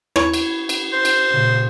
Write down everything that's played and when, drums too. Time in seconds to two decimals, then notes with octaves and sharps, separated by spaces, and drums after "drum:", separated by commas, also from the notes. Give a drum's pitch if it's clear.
0.16 E4 C#5 C#6, drum: rim click
0.34 drum: cymbal
0.69 drum: cymbal
0.93 C5
1.05 drum: cymbal
1.32 A#2 C#3